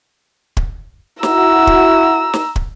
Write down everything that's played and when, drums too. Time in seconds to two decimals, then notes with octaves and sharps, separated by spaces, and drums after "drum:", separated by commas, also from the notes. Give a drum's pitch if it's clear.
0.57 drum: kick
1.23 E4 F#4 A#5 E6, drum: snare
1.67 drum: kick
2.33 drum: snare
2.56 drum: kick